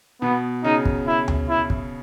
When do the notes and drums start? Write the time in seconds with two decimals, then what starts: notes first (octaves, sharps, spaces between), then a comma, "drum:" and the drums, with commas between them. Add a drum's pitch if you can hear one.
0.22 B2 B3
0.64 C#3 D#4
0.86 drum: kick
1.07 E4
1.28 drum: tom D2
1.49 E4
1.70 drum: kick